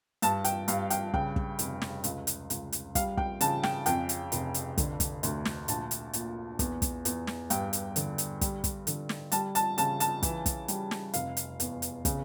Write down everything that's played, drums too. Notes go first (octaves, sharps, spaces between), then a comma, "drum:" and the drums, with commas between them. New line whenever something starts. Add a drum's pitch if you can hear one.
G2 A5, drum: hi-hat
G5, drum: hi-hat
G2 F5, drum: hi-hat
G5, drum: hi-hat
C#3 G5, drum: kick
drum: kick
F1, drum: hi-hat
drum: snare
C#2, drum: hi-hat
drum: hi-hat
C#2, drum: hi-hat
drum: hi-hat
G3 F5, drum: kick, hi-hat
G5, drum: kick
C#3 A5, drum: hi-hat
G5, drum: snare
F2 G5, drum: hi-hat
drum: hi-hat
F1, drum: hi-hat
drum: hi-hat
D3, drum: kick, hi-hat
drum: kick, hi-hat
D2, drum: hi-hat
drum: snare
A#1 A5, drum: hi-hat
drum: hi-hat
A#2, drum: hi-hat
E2, drum: kick, hi-hat
drum: kick, hi-hat
E2, drum: hi-hat
drum: snare
G2 G5, drum: hi-hat
drum: hi-hat
D3, drum: hi-hat
drum: hi-hat
G3, drum: kick, hi-hat
drum: kick, hi-hat
D3, drum: hi-hat
drum: snare
G3 A5, drum: hi-hat
A5, drum: hi-hat
C#3 A5, drum: hi-hat
A5, drum: hi-hat
E3, drum: kick, hi-hat
drum: kick, hi-hat
G3, drum: hi-hat
drum: snare
F1 F5, drum: hi-hat
drum: hi-hat
E2, drum: hi-hat
drum: hi-hat
C#3, drum: kick, hi-hat